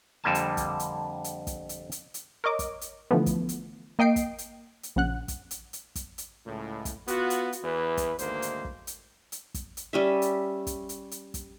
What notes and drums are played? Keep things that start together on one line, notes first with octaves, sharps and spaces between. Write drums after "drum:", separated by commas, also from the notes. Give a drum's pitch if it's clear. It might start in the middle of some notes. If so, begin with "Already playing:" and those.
F2 D3 G3 A#3 G#5 A5
drum: hi-hat
drum: kick, hi-hat
drum: hi-hat
drum: hi-hat
drum: kick, hi-hat
drum: hi-hat
drum: hi-hat
drum: hi-hat
A#4 C#5 D#5 D6
drum: kick, hi-hat
drum: hi-hat
D3 E3 F3 A3 B3
drum: kick, hi-hat
drum: hi-hat
A#3 D#5 G5 C7 D7
drum: kick, hi-hat
drum: hi-hat
drum: hi-hat
A#1 C#3 F#5 F#6
drum: kick, hi-hat
drum: hi-hat
drum: hi-hat
drum: kick, hi-hat
drum: hi-hat
C#2 A2
drum: kick, hi-hat
B3 F4 F#4, drum: hi-hat
drum: hi-hat
drum: hi-hat
E2 E3 B4
drum: kick, hi-hat
D2 G#2 D#3 A#3 C5, drum: hi-hat
drum: hi-hat
drum: kick
drum: hi-hat
drum: hi-hat
drum: kick, hi-hat
drum: hi-hat
G3 C#4 E5
drum: hi-hat
drum: kick, hi-hat
drum: hi-hat
drum: hi-hat
drum: kick, hi-hat